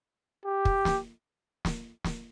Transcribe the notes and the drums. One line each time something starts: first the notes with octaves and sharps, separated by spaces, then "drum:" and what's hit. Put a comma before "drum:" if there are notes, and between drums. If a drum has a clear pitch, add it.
G4
drum: kick
drum: snare
drum: snare
drum: snare